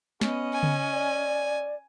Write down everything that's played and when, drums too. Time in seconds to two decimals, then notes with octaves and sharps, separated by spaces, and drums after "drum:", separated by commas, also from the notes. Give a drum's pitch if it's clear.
0.21 B3 C#4 D#5, drum: snare
0.53 G#5
0.63 drum: tom C#3
0.92 D5